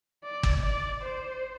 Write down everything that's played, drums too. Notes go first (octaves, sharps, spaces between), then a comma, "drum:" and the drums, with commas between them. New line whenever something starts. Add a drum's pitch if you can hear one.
D5
drum: kick G1
D5
C5